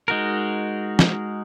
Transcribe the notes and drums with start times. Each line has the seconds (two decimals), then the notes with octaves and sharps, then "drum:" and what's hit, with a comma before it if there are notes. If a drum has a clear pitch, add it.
0.08 G#3 D#4 F#4 A#4
0.99 drum: snare